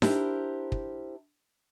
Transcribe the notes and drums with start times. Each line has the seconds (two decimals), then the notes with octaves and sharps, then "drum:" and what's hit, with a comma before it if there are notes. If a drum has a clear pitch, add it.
0.02 D4 E4 G4 A#4 C5 A#5, drum: snare D#4
0.72 drum: kick